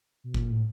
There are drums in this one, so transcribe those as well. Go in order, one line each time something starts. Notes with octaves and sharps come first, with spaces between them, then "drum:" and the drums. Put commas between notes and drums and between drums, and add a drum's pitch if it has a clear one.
B2
A#2, drum: kick G1
A2